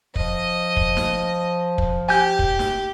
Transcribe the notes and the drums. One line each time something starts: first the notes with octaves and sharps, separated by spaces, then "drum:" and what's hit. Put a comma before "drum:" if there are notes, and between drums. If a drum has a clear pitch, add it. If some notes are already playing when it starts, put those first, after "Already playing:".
F3 D#5, drum: kick
drum: kick
drum: snare
drum: kick
G4 G#5 G6
drum: kick
drum: snare